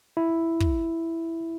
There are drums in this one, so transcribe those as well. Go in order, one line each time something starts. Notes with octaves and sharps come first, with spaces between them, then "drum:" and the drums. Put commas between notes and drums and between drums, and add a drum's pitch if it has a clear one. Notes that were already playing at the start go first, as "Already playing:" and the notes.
E4
drum: kick